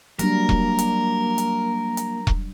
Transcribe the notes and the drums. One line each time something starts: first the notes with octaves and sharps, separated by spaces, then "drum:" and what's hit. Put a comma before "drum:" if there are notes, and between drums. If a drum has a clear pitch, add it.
F#3 G3 A#3 D4 A#4, drum: hi-hat
drum: kick E1
drum: hi-hat
drum: hi-hat
drum: hi-hat
drum: kick E1